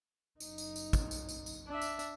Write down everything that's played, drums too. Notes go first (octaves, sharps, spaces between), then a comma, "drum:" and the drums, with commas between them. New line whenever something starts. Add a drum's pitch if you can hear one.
F#1 D#4, drum: tambourine
drum: tambourine
drum: tambourine
drum: kick, tambourine
drum: tambourine
drum: tambourine
drum: tambourine
D4 E5
drum: tambourine
drum: tambourine